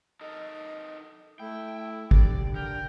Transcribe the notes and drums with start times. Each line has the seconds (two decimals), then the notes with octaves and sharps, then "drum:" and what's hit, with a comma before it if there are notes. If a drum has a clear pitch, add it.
0.21 D#4 A4 A#4 D#5
1.40 A3 E4 G5
2.11 D3 G4 D5, drum: kick
2.55 A#4 G5